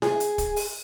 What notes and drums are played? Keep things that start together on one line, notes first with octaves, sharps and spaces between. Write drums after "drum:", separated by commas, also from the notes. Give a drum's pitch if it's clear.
G#4, drum: snare E4
drum: hi-hat
drum: kick, hi-hat
drum: open hi-hat